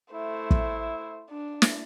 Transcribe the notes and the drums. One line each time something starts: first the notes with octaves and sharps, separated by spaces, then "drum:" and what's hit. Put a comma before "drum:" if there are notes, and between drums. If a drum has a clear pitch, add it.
A3 E4 C5
drum: kick
D4
drum: snare